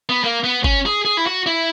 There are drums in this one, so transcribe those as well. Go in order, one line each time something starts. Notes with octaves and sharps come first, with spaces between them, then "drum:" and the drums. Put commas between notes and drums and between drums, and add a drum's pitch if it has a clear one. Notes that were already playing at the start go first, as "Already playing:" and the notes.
B3
A#3
B3
C#4, drum: kick G1
G#4
G#4
E4
F#4
E4